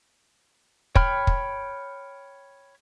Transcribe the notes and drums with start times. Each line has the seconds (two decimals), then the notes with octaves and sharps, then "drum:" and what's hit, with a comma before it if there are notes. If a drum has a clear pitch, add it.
0.95 C#5 G5 B5 F6, drum: kick
1.27 drum: kick